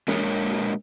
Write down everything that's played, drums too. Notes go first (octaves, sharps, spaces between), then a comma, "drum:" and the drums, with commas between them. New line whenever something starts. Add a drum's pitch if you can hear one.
A#2 G#3 D4 A#4 C#5, drum: snare